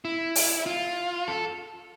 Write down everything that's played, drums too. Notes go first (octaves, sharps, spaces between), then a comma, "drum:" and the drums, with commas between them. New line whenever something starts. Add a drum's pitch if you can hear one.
E4
drum: open hi-hat
F4
A4